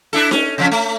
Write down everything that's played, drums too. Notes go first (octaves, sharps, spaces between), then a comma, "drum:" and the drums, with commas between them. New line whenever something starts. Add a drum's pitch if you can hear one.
D4 E4 A4
C#4, drum: snare D#4
C#3 F3 C#4
A3